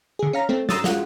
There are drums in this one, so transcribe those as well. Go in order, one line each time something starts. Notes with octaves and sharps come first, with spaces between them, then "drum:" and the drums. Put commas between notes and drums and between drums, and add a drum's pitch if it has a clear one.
D3 G#4
C#4 F5 A#5
A3 C4
A#5 C6 D#6 E6 A6, drum: snare
G#3 F4 F#4 F#5, drum: snare